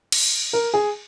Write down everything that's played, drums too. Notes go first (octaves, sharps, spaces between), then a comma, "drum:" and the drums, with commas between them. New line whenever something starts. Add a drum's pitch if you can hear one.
drum: cymbal
A#4
G#4